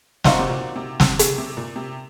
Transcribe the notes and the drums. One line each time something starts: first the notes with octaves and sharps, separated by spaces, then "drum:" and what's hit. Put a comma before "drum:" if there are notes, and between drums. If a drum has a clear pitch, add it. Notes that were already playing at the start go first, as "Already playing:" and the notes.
A#2 D#4 F#4 C5 F5, drum: snare
C3
A#2
C3
C3, drum: snare
C3, drum: hi-hat
C3
A#2
C3